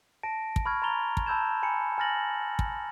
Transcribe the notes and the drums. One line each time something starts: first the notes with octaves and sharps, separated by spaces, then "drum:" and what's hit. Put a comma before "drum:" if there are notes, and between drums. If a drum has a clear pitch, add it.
A5 A#6 D7
drum: kick
B5 C#6 F6 G#6
A#5 C6 A6 F7 G7
drum: kick
A5 B5 E6 G6 G#6 E7
G#5 B5 C#7
G#5 B5 F6 A6 A#6 F#7
drum: kick